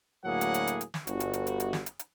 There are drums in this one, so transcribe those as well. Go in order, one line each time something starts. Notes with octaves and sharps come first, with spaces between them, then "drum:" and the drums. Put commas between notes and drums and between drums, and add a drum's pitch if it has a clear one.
D2 A2 F#3 A#3 G#4 F#5
drum: hi-hat
drum: hi-hat
drum: hi-hat
drum: hi-hat
drum: snare
G1 F#4, drum: hi-hat
drum: hi-hat
drum: hi-hat
drum: hi-hat
drum: hi-hat
drum: snare
drum: hi-hat
drum: hi-hat